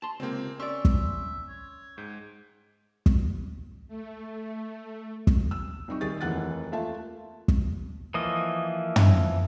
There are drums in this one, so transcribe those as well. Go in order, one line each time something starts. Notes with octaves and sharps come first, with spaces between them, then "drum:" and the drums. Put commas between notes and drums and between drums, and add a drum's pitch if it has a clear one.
A5 C6
C#2 C3 A#3 C4
C#4 D5 E5 C6 C#6 E6
drum: kick
C#5
G#2 G5
drum: kick
A3
drum: kick
E6
C2 D#4 C#6
D#3 G3 G4 G#4 A6
F1 D#2 E3 F#5 F#6 A6
A3 A#3 F4 E5 A5
drum: kick
E3 F3 A#3 D#5 D#6
drum: tom